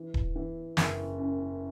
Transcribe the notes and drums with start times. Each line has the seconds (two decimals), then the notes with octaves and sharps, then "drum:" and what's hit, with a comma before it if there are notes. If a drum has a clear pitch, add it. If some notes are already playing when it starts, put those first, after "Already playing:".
Already playing: E3
0.14 drum: kick D#1
0.36 E3
0.77 F#1, drum: snare
1.18 F#2